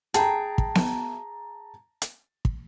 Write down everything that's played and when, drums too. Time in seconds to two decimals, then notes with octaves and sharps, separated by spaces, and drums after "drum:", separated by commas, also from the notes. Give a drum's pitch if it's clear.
0.14 G#4 G5 A5 A#5, drum: hi-hat
0.58 drum: kick
0.75 drum: snare B3
2.02 drum: hi-hat
2.45 drum: kick